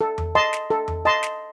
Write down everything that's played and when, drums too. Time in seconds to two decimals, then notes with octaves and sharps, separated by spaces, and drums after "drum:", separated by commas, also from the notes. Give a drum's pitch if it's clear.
0.01 A4
0.18 drum: tom E2
0.35 D#5 A5 C6
0.53 drum: snare
0.70 A4
0.88 drum: tom E2
1.05 D#5 A5 C6
1.23 drum: snare